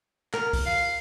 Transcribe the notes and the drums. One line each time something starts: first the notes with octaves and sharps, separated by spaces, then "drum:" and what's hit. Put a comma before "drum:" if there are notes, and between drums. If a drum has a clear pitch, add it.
A#4, drum: clap
drum: kick, open hi-hat
F5